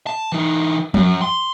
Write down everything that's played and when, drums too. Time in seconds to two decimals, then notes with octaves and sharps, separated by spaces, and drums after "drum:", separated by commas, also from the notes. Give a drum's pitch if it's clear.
0.07 A5
0.32 E3 D#4
0.94 F#2, drum: tom F3
1.22 C6